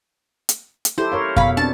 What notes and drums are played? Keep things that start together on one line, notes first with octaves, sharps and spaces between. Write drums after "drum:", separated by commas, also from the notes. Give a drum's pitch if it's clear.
drum: hi-hat
drum: hi-hat
E4 G4 A4 C5
A#4 C#5 F5
B2 F5 B5, drum: kick F2
C4 D4 A5